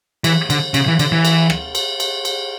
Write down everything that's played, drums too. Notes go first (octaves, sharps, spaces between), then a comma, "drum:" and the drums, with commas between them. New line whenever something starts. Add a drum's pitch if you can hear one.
E3, drum: cymbal
D3, drum: cymbal
C#3, drum: cymbal
E3
D3, drum: cymbal
E3
drum: cymbal
drum: rim click
drum: cymbal
drum: cymbal
drum: cymbal